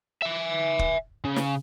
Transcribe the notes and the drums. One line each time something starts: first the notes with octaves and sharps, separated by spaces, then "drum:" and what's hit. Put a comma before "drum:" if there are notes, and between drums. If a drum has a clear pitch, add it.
E5 G#5
drum: kick
C#3
drum: snare